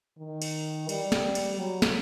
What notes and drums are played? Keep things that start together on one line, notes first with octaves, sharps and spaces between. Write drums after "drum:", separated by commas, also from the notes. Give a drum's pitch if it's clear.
D#3
drum: cymbal
G3, drum: cymbal
drum: snare
drum: cymbal
F#3
drum: snare